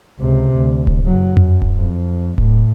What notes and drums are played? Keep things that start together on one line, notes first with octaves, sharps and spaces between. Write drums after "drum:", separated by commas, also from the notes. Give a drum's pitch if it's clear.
C#2 C3
D2
drum: kick D1
F#1 F#3
F#2, drum: tom F2
drum: kick D1
F2
A2, drum: kick D1